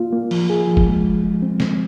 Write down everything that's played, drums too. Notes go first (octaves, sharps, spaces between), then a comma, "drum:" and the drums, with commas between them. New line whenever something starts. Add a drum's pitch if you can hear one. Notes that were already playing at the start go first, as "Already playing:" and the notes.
Already playing: A#3 F4
A#3
F3, drum: cymbal
G#4
F3
drum: kick F1
G#3
G#3
G#3
C4
C4, drum: snare